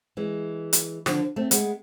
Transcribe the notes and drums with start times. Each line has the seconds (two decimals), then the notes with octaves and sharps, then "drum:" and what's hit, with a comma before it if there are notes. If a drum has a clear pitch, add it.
0.17 E3 G#3
0.73 drum: hi-hat
1.06 D3 F3, drum: snare
1.36 A3 C4
1.51 G#3 B3, drum: hi-hat